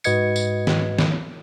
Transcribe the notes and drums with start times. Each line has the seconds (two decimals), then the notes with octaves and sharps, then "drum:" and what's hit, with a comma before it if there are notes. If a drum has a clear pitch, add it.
0.04 G#2 F#4 B4 D#5 G#6 C#7, drum: tambourine
0.36 drum: tambourine
0.67 drum: snare
0.99 drum: snare